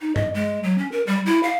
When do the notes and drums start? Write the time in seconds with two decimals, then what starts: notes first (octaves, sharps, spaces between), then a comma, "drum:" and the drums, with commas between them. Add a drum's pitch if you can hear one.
0.01 D#4
0.16 D#5, drum: tom G2
0.34 G#3
0.63 F#3
0.78 C#4
0.92 A#4
1.07 G3
1.26 E4
1.43 F5